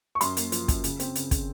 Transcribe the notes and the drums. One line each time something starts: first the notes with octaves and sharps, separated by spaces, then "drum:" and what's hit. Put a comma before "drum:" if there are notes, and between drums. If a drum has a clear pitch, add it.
C#6
F#2 C6, drum: hi-hat
A#3, drum: hi-hat
F3, drum: hi-hat
F#2, drum: kick, hi-hat
C#3, drum: hi-hat
C4, drum: hi-hat
C#3, drum: hi-hat
C#3, drum: kick, hi-hat